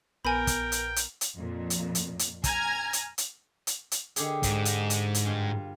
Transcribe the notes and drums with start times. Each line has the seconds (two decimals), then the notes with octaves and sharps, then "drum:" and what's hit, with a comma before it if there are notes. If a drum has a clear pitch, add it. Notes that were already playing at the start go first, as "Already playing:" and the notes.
0.25 A#1 B3 A#4 G5 G#5 B5
0.47 drum: kick, hi-hat
0.72 drum: hi-hat
0.96 drum: hi-hat
1.21 drum: hi-hat
1.35 F2 A#2
1.70 drum: hi-hat
1.95 drum: hi-hat
2.19 drum: hi-hat
2.44 G#5 A#5 F6 G#6, drum: kick, hi-hat
2.93 drum: hi-hat
3.18 drum: hi-hat
3.67 drum: hi-hat
3.92 drum: hi-hat
4.16 D3 G4 G#4, drum: hi-hat
4.43 G#2, drum: kick, hi-hat
4.65 drum: hi-hat
4.90 drum: hi-hat
5.14 drum: hi-hat
5.26 G2 F4